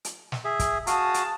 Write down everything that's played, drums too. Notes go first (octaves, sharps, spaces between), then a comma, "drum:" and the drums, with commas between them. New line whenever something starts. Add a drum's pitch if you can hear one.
drum: hi-hat
drum: snare
G#4 E5
drum: kick, hi-hat
F#4 G#4 F5 A5 D#6, drum: hi-hat
drum: hi-hat